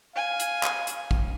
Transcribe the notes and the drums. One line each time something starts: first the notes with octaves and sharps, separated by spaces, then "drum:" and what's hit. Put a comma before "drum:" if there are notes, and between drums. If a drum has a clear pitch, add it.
F5 G#5
drum: hi-hat
drum: clap
drum: hi-hat
drum: kick